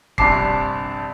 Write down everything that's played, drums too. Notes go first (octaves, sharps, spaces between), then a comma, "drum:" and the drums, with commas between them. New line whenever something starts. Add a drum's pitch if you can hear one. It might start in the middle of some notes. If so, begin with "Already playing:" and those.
A#1 G2 C3 A5 D6 C7, drum: kick